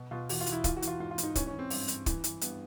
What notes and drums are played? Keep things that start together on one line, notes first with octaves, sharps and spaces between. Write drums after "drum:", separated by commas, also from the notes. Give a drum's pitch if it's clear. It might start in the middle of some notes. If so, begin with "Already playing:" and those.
Already playing: B2
B2 F4
E2 F#4, drum: open hi-hat
F4
E2, drum: hi-hat
E4
E3 F4, drum: kick, hi-hat
F#4
E3, drum: hi-hat
F4
G#2 F4
F4
G#2, drum: hi-hat
D#4
E3 C#4, drum: kick, hi-hat
C#4
E3
C4
G2, drum: open hi-hat
G2, drum: hi-hat
E3, drum: kick, hi-hat
E3, drum: hi-hat
G2 B3, drum: hi-hat